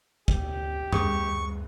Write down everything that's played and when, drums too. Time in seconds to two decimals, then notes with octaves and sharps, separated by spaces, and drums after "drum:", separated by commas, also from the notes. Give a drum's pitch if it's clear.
0.28 D2 G4, drum: kick
0.93 D2 G#4 C#6 D#6, drum: tom F#2